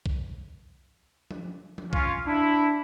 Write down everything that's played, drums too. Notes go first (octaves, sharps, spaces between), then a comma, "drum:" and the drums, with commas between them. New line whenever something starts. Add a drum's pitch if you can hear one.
drum: kick B1
drum: tom F3
drum: tom F3
C#4 F4, drum: kick B1
D4 E4